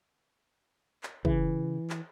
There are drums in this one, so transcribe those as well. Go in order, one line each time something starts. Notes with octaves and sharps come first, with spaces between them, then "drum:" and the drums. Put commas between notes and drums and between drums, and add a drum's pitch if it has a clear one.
drum: clap
C#3 E3, drum: kick
drum: clap